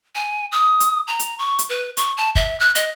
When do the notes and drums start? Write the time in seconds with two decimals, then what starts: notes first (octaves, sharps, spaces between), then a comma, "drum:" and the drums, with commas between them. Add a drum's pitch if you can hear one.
0.15 G#5
0.52 D#6
0.80 drum: hi-hat
1.07 A#5
1.19 drum: hi-hat
1.39 C#6
1.59 drum: hi-hat
1.69 B4
1.97 C#6, drum: hi-hat
2.17 A5
2.35 E5, drum: kick
2.60 F#6
2.75 D#5, drum: hi-hat